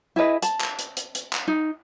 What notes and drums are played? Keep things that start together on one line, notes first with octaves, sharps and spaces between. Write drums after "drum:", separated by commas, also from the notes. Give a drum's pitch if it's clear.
E4 G#4 B4 D#5
A5, drum: hi-hat
drum: clap
drum: hi-hat
drum: hi-hat
drum: hi-hat
drum: clap
D#4